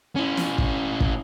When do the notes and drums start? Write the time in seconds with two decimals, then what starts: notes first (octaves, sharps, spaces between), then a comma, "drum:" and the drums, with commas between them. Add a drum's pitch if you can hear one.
0.16 C#4 E4
0.37 drum: snare
0.58 drum: kick
1.00 drum: kick